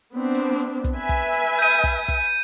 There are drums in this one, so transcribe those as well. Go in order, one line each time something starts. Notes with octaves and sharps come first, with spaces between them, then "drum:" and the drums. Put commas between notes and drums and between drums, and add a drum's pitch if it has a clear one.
B3 C4 D4
drum: hi-hat
drum: hi-hat
drum: kick, hi-hat
B4 E5 G#5
drum: kick, hi-hat
drum: hi-hat
G6 D#7, drum: hi-hat
drum: kick, hi-hat
drum: kick, hi-hat